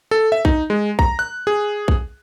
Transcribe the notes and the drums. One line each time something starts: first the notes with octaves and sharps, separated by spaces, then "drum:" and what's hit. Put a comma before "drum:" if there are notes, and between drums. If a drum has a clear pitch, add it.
A4
E5
D#4, drum: kick A#1
G#3
A#5, drum: kick A#1
F#6
G#4
drum: kick A#1